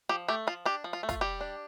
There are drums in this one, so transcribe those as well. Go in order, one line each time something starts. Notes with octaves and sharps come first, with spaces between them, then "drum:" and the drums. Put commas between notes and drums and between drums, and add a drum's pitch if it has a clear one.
F3 G4
A3 G4
F3 F4
D4 G4
F3
F4
A3
F4, drum: kick, hi-hat
G3 G4
D4